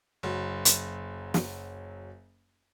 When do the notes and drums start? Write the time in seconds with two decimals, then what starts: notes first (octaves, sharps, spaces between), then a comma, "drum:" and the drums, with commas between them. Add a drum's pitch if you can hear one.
0.23 F#1 F#3
0.65 drum: hi-hat
1.34 drum: snare